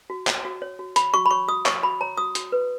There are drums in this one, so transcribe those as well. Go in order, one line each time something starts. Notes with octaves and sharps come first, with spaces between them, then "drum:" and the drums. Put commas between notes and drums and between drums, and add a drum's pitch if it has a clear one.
F#4
C#5, drum: clap
F#4
C#5
F#4
C#5 B5, drum: hi-hat
F#4 C#6
B5
C#5 C#6
F#4 D#6
C#5 C#6, drum: clap
F#4 B5
C#5 A#5
F#4 D#6
F#4, drum: hi-hat
B4